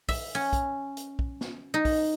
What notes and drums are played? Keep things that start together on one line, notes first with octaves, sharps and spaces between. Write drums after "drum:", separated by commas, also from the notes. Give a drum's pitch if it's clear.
E5, drum: kick, open hi-hat
C#4
drum: kick, hi-hat
drum: hi-hat
drum: kick
drum: snare
D#4
drum: kick, open hi-hat